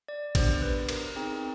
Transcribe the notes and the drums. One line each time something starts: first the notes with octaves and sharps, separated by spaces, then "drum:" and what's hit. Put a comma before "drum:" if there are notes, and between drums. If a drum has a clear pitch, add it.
D5
B3 D4 G4 C5, drum: kick A1, cymbal
B4
A#4, drum: cymbal
C4 D#4 G#4